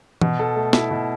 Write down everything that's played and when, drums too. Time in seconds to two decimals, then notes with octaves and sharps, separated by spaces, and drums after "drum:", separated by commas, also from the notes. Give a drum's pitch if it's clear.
0.21 B2, drum: tom E3
0.39 A4
0.56 A3
0.73 E4, drum: snare
0.91 B2